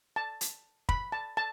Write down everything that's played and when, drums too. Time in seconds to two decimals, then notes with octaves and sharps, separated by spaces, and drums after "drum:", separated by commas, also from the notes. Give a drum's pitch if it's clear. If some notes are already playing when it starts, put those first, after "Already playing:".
0.16 A5
0.41 drum: hi-hat
0.89 B5, drum: kick
1.12 A5
1.37 A5